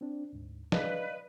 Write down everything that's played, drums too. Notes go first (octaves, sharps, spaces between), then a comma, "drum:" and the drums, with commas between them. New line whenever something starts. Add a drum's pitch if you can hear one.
C4 D4
D2 G#2
B4 D5 D#5 F5, drum: snare